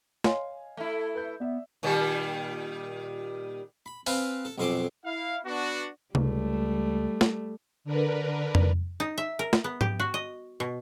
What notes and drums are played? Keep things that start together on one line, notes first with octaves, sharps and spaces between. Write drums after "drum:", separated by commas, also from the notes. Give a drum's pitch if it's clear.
C#5 D#5 F5 G#5 C6, drum: snare
A3 E4
B4 G6
B3 D5 E5
A#2 D#3 G3
B5
C4 B4 F5 G#5 A5, drum: open hi-hat
A4
B1 F2 G#4 A4 C6 D6
E4 F5
B3 D4 F#4
C#2 G3 A3, drum: tom C3
drum: snare
D3 D4 A#4 B4
drum: tom F2
D#4
E5
A#4
drum: snare
B3
G4, drum: tom G#2
F#4
D#5
B2